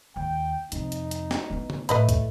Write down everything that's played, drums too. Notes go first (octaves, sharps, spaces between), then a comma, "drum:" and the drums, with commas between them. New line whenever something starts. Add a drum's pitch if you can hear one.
D#2 G5
F2 C3 D#4, drum: hi-hat
drum: hi-hat
drum: hi-hat
drum: snare
E3 B3
drum: tom C#3
A2 A3 B4 D#5 B5, drum: hi-hat
drum: kick, hi-hat